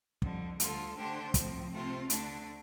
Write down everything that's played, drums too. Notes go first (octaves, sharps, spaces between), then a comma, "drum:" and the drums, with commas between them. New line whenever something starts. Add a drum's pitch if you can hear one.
F2 D3 G3, drum: kick
D2 D3 G3 F4 A4, drum: hi-hat
D3 A3 D4 G4 C5
A2 F3 C4, drum: kick, hi-hat
C3 A3 C4 F4
D2 D3 A3 D4, drum: hi-hat